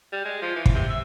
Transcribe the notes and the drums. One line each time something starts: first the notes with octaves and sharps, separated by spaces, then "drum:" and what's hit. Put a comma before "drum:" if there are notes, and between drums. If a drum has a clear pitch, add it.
G3
G#3
F3
E3
drum: kick
C3
E5